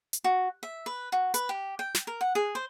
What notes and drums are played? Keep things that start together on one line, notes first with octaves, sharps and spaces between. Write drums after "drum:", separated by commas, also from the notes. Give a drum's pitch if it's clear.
drum: hi-hat
F#4
E5
B4
F#4
B4, drum: hi-hat
G4
G5
drum: snare
A#4
F#5
G#4
C5